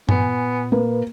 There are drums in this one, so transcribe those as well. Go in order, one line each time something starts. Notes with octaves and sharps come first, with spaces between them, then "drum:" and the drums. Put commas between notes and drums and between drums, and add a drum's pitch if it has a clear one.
A#2 B3 G#5, drum: tom G2
A#3 B4